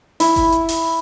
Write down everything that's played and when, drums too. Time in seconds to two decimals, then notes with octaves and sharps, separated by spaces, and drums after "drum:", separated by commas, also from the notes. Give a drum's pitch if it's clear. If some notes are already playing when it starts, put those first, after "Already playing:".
0.20 E4, drum: open hi-hat
0.36 drum: kick F#1, hi-hat
0.52 drum: hi-hat
0.69 drum: open hi-hat